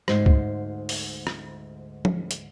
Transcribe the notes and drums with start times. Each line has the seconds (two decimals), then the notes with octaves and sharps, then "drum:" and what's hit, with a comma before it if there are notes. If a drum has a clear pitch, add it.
0.08 D2 G#2 C5, drum: rim click
0.26 drum: kick
0.89 drum: open hi-hat
1.27 drum: rim click
2.05 drum: tom F3
2.31 drum: hi-hat